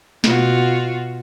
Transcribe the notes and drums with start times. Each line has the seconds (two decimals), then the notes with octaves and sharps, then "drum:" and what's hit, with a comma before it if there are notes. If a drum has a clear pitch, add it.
0.24 B2 F4 F#4, drum: snare